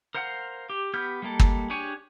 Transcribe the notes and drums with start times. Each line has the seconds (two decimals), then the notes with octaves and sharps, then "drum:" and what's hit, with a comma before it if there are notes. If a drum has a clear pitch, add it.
0.15 A#4 C5 F5 F#5
0.70 G4
0.94 B3 G4 F6 G6
1.22 G3 G#3 A#3 A4
1.40 drum: kick
1.70 D4 G4 G#4 C#5 G#5